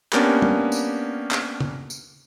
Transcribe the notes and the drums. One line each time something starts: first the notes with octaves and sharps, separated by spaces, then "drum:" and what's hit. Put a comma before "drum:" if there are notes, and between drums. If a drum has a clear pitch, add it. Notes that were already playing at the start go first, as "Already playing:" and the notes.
A#3 B3 C#4 D4 G4 A#4, drum: clap
drum: tom
drum: tambourine
drum: clap
drum: tom
drum: tambourine